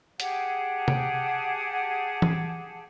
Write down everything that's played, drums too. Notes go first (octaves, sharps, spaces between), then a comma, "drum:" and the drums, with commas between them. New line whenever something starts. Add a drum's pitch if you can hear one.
G4 G#4 F#5 A5, drum: hi-hat
drum: tom C3
drum: tom E3